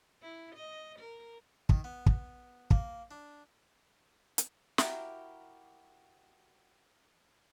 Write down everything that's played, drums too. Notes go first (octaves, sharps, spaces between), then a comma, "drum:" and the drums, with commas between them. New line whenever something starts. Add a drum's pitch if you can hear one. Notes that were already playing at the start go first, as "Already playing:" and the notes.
E4
D#5
A#4
D#3, drum: kick
B3
drum: kick
A#3, drum: kick
D4
drum: hi-hat
E4 F#4 G4 A#4, drum: snare